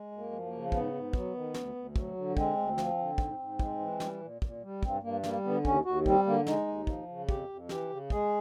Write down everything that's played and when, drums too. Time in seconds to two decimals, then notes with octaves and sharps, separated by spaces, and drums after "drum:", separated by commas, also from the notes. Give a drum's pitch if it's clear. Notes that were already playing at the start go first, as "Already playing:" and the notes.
Already playing: G#3
0.12 F#2
0.18 A#3
0.32 F3
0.46 A#3
0.52 C#3
0.72 G#2 B3, drum: kick
0.93 G#2
1.13 F#3, drum: kick
1.34 D#3
1.54 D2, drum: snare
1.75 D2
1.96 F#3, drum: kick
2.16 D3
2.37 G#3 C4, drum: kick
2.57 D2
2.78 F3, drum: snare
2.98 D3
3.18 G#2, drum: kick
3.39 G#2
3.59 G#3, drum: kick
3.80 E3
4.00 G3, drum: snare
4.21 A#2
4.42 A#2, drum: kick
4.62 G3
4.83 G2 C4, drum: kick
5.03 G2 A#3
5.23 G3 A#3, drum: snare
5.44 D3 B3
5.65 D#2 C#4, drum: kick
5.85 D#2 F#4
6.06 G3 C4, drum: kick
6.26 D3 A#3
6.47 G#3 D#4, drum: snare
6.67 D#2
6.87 F3, drum: kick
7.08 C#3
7.29 F2 G4, drum: kick
7.49 F2
7.69 E3 G4, drum: snare
7.90 C#3
8.10 G#3 G#4, drum: kick